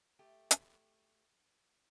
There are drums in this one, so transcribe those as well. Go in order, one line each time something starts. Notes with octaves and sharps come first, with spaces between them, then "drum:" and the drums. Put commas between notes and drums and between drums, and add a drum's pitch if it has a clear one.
A3 G4
drum: hi-hat